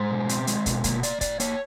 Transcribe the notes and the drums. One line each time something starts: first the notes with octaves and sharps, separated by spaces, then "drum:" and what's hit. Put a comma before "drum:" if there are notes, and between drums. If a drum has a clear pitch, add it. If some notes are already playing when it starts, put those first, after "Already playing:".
Already playing: G#3 C5
B2
C4, drum: hi-hat
G#3, drum: hi-hat
B2, drum: kick, hi-hat
A#3, drum: kick, hi-hat
A#3 D5, drum: hi-hat
A2 D5, drum: kick, hi-hat
A#3 C#5, drum: hi-hat